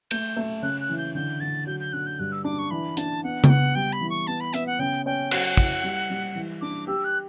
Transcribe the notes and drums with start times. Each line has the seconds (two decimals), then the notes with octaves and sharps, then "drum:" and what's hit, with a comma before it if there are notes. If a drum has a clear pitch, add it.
0.11 A3 G6, drum: cymbal
0.37 A3
0.62 C#3 F#6
0.80 F#6
0.89 E3
0.98 G6
1.15 D3 G6
1.40 D3 A6
1.66 F#3 G6
1.80 G6
1.93 D3 F#6
2.06 G6
2.19 G2 F#6
2.32 E6
2.44 D4 D6
2.59 C#6
2.70 E3 B5
2.97 D4 A5, drum: hi-hat
3.24 B3 F#5
3.44 G5, drum: tom C#3
3.49 B3 F#5
3.75 G3 G5
3.92 B5
4.01 E3
4.10 C#6
4.27 B3 A5
4.40 B5
4.54 B3 E5, drum: hi-hat
4.67 F#5
4.79 C#3 G5
5.06 C#4 G5
5.31 F#3 F#5, drum: cymbal
5.57 E4, drum: kick
5.83 G3
6.10 G3
6.35 E3
6.61 D4 D6
6.87 G4 E6
7.04 F#6